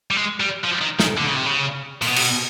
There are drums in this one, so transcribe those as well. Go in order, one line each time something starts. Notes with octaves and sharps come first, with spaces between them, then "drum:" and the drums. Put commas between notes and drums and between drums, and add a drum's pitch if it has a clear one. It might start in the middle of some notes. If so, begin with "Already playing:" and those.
G3
G#3
G3
F3
D#3
D#3, drum: snare
D3
C#3
C3
C#3
A#2, drum: open hi-hat
B2
drum: cymbal